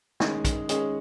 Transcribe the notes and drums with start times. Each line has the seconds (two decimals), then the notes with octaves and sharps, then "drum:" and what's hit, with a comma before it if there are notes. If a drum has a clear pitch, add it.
0.20 D#3 G#3 C#4 G#4, drum: snare
0.45 drum: kick, hi-hat
0.69 D#3 G#3 C#4 G#4, drum: hi-hat